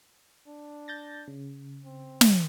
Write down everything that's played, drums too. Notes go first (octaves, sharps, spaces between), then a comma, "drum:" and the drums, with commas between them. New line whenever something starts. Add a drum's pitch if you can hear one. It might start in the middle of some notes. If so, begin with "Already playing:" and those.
D4
G6 A6 A#6
C#3
C4
drum: snare